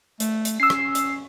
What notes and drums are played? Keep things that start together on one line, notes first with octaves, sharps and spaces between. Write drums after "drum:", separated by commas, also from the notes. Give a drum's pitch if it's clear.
A3, drum: hi-hat
drum: hi-hat
C#4 E6 C7
drum: rim click
drum: hi-hat